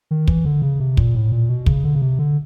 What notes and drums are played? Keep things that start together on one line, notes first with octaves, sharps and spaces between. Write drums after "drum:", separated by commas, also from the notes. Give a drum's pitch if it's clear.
D#3
E3, drum: kick
D3
C#3
C3
A#2, drum: kick
A2
A#2
B2
C#3, drum: kick
D3
C#3
C3
D3